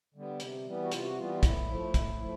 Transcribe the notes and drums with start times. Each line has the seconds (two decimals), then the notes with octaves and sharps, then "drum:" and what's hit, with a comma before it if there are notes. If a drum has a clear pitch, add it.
0.14 D3 G3 B3
0.40 C3, drum: hi-hat
0.66 E3 G3 B3
0.83 F#4
0.92 C3 F4, drum: hi-hat
1.05 F#4
1.17 E3 G3 B3 F4
1.34 F4
1.43 A2 E4, drum: kick, hi-hat
1.68 F3 A3
1.94 A2, drum: kick, hi-hat
2.20 F3 A3